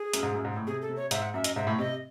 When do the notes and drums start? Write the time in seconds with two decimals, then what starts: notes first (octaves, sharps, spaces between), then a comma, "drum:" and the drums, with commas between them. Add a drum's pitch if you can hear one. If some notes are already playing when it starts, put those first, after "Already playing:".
Already playing: G#4
0.13 F#2, drum: hi-hat
0.23 G#2
0.34 F#2
0.45 G#2
0.56 A2
0.67 C3 G#4
0.82 A4
0.89 C3
0.96 C#5
1.11 G#2 E5, drum: hi-hat
1.22 F#5
1.34 F#2 E5
1.44 D#5, drum: hi-hat
1.56 G#2 E5
1.67 A2
1.78 C3 D#5